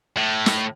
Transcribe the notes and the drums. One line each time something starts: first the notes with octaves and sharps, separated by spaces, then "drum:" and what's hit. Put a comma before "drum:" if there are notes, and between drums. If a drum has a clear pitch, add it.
A2
drum: snare